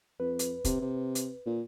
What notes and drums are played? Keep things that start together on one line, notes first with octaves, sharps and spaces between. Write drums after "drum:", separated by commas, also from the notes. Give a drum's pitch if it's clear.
F2 B4
drum: hi-hat
C3, drum: kick, hi-hat
C3
drum: hi-hat
A#2